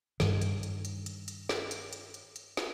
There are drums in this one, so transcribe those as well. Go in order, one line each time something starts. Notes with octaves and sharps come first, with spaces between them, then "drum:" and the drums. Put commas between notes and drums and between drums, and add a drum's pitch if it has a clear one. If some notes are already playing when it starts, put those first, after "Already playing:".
G2 D#3, drum: snare
drum: hi-hat
drum: hi-hat
drum: hi-hat
drum: hi-hat
drum: hi-hat
drum: snare
drum: hi-hat
drum: hi-hat
drum: hi-hat
drum: hi-hat
drum: snare